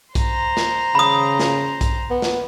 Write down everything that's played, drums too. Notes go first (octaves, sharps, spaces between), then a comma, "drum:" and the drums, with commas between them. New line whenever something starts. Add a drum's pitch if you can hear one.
C5 A#5, drum: kick, hi-hat
drum: snare
C#3 B5 D#6
drum: snare
drum: kick, hi-hat
B3
drum: snare